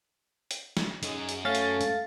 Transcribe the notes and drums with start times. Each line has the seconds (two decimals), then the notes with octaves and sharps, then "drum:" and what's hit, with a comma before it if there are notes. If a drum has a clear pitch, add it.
0.51 drum: hi-hat
0.77 drum: snare
1.03 F#2 D#4 G#4, drum: hi-hat
1.29 drum: hi-hat
1.45 A3 C#4 F5 A6
1.55 drum: hi-hat
1.81 drum: hi-hat